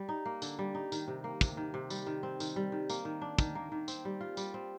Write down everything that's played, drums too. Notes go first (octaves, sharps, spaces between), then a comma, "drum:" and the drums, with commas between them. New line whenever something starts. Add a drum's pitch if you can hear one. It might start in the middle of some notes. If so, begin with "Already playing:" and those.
Already playing: G3
D#4
A#3
D3, drum: tambourine
G3
D#4
D#3, drum: tambourine
C3
A#3
C3, drum: kick, tambourine
D#3
C3
G3, drum: tambourine
D#3
C4
D#3, drum: tambourine
G3
D#3
A#3, drum: tambourine
D#3
D4
D#3, drum: kick, tambourine
A#3
D#3
C4, drum: tambourine
G3
F4
G3, drum: tambourine
C4